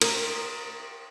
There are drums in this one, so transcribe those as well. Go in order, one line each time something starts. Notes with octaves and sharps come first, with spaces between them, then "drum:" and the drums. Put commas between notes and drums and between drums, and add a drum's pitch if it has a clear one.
A#4, drum: cymbal